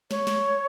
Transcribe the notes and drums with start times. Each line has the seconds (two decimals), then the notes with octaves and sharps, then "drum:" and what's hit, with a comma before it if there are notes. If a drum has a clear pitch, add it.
0.11 C#5, drum: snare
0.27 drum: snare